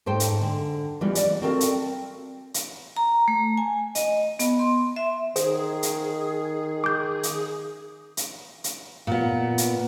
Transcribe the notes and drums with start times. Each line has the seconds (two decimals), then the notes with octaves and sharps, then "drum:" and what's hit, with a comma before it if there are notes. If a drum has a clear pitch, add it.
0.06 G#2 A4 C5 G5
0.20 drum: hi-hat
0.41 D3
1.01 E3 G3 G#3 B3 F4
1.15 D5, drum: hi-hat
1.42 C4 F#4 A4 A#4 E5 F5
1.61 drum: hi-hat
2.54 drum: hi-hat
2.97 A#5
3.28 A3
3.57 G#5
3.95 D#5, drum: hi-hat
4.39 B3, drum: hi-hat
4.59 C6
4.96 E5
5.36 D#3 G#4 C5, drum: hi-hat
5.83 drum: hi-hat
6.84 D6 G6
7.23 drum: hi-hat
8.17 drum: hi-hat
8.64 drum: hi-hat
9.07 A#2 B3
9.58 drum: hi-hat